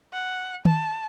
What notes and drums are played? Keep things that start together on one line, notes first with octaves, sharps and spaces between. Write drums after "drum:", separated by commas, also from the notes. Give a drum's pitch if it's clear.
F#5
A5, drum: tom D#3